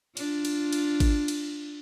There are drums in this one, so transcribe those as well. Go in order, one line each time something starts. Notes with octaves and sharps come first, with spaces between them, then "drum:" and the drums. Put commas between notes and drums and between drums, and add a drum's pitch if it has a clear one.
D4 F4, drum: cymbal
drum: cymbal
drum: cymbal
drum: kick G#1, cymbal
drum: cymbal